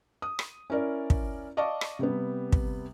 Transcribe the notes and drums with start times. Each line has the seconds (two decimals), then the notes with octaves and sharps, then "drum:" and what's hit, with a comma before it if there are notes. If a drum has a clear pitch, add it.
0.22 D#6
0.39 drum: rim click
0.70 C#4 E4 A#4 D5
1.10 drum: kick
1.57 D5 D#5 F5 A5 C#6 D6
1.81 drum: rim click
1.99 C3 G3 B3
2.52 drum: kick